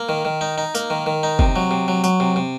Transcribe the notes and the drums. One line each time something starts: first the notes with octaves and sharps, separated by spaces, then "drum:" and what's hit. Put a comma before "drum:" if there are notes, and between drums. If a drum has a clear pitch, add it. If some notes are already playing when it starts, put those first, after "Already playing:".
Already playing: A#3
D#3
D#3
D#4
D#4
A#3, drum: tambourine
D#3
D#3
D#4
C3, drum: kick
F#3
C3
F#3
F#3, drum: tambourine
C3
C3